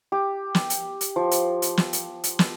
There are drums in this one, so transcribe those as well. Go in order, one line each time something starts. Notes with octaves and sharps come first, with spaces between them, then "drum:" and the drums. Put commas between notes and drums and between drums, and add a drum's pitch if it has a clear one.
G4
drum: snare
drum: hi-hat
drum: hi-hat
F3
drum: hi-hat
drum: hi-hat
drum: snare
drum: hi-hat
drum: hi-hat
drum: snare